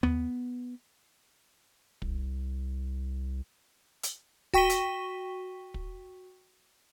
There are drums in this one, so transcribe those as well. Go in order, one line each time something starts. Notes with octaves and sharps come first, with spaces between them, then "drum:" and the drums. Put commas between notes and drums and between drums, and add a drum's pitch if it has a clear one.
B3, drum: tom D#2
C2, drum: kick
drum: hi-hat
F#4 G5 C#6 B6 D#7 G7, drum: kick
drum: hi-hat
drum: kick